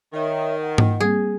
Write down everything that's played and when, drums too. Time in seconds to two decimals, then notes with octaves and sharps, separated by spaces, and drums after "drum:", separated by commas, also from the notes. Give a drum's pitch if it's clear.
0.13 D#3 C#5 E5
0.60 F#5
0.78 drum: tom G#2
1.00 G3 A#3 C4 G#4